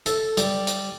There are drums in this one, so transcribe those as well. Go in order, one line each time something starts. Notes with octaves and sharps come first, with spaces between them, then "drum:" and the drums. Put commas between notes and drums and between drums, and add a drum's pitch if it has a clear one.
A4, drum: hi-hat
G3, drum: hi-hat
drum: hi-hat